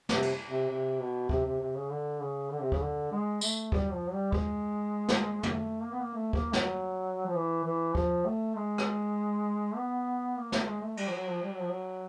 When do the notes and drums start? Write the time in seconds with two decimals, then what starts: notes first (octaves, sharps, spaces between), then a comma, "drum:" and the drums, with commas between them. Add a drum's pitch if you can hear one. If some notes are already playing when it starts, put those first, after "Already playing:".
0.09 C3, drum: snare
0.22 drum: cymbal
0.49 C3
0.70 C3
1.00 B2
1.29 C3, drum: kick D#2
1.45 C3
1.60 C3
1.75 C#3
1.91 D3
2.21 C#3
2.51 D3
2.62 C3
2.72 C#3, drum: kick D#2
2.81 D3
3.12 G#3
3.41 A3, drum: tambourine
3.72 G3, drum: kick D#2
3.92 F3
4.07 F#3
4.12 G3
4.32 G#3, drum: kick D#2
5.09 drum: snare
5.43 A#3, drum: tom
5.53 A3
5.83 A#3
5.92 B3
6.00 A#3
6.14 A3
6.33 A#3, drum: kick D#2
6.53 F#3, drum: snare
7.26 F3
7.35 E3
7.64 E3
7.95 F3, drum: kick D#2
8.25 A3
8.55 G#3
8.78 drum: rim click
9.76 B3
10.37 A#3
10.52 A3, drum: snare
10.67 G#3
10.82 A3
10.97 G3, drum: cymbal
11.07 F3
11.13 F#3
11.28 F3
11.42 G3
11.52 F#3
11.61 F3
11.70 F#3